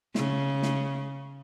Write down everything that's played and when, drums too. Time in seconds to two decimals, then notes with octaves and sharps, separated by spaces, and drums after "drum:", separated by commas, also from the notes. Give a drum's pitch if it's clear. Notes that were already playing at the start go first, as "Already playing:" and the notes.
0.15 C#3, drum: snare
0.63 drum: snare